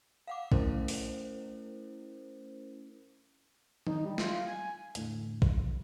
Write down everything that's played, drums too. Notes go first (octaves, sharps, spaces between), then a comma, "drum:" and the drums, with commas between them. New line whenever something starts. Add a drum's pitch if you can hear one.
F5 F#5 D6
A3 C#4 E4 A#4 C5, drum: kick A1
drum: open hi-hat
D#4, drum: tom D#3
G3
F4, drum: snare
G#5
E2 A2 D3, drum: hi-hat
drum: kick A1